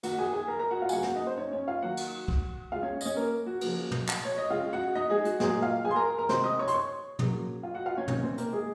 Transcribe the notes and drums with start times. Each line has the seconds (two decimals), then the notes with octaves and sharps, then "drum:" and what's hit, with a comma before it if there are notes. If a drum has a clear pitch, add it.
0.03 D#3 A#3 F#4 F#5, drum: cymbal
0.18 G#4 G#5
0.33 G#4 G#5
0.48 A#4 A#5
0.59 A#4 A#5
0.71 F#4 F#5
0.82 F4 F5
0.89 G#5, drum: tambourine
0.93 C#3 F#3 A#3 F#4 F#5
1.03 drum: snare
1.15 D#4 D#5
1.27 C5
1.37 C#4 C#5
1.53 C#4 C#5
1.67 F4 F5
1.82 D#3 F#3 A#3 F#4 F#5
1.97 drum: cymbal
2.28 drum: kick
2.72 C#3 G#3 F4 F5
2.83 C#4 C#5
3.01 D#5, drum: tambourine
3.05 C#4 C#5
3.16 A#3 A#4
3.46 F#4
3.61 C#3 F3 A#3, drum: cymbal
3.91 drum: tom
4.09 drum: clap
4.25 C#5
4.38 D#5
4.50 C#3 G#3 F4 F5
4.73 F#4 F#5
4.95 D#4 D#5
5.10 G#3 G#4
5.25 F#4, drum: hi-hat
5.40 A#2 F#3 G#3 A#3 G#4, drum: snare
5.62 F4 F5
5.85 G#4 G#5
5.91 C6
5.96 A#4 A#5
6.18 A#4 A#5
6.29 C3 D#3 G#3 C5 C6, drum: snare
6.44 D#5 D#6
6.59 C#5 C#6
6.68 C6, drum: hi-hat
6.74 C#5 C#6
7.19 C#3 F#3 A#3, drum: tom
7.63 F4 F5
7.74 F#4 F#5
7.86 F4 F5
7.97 C#4 C#5
8.08 C3 D#3 A#3 C#4 C#5, drum: tom
8.23 C4 C5
8.38 A#3 A#4, drum: hi-hat
8.53 G#3 G#4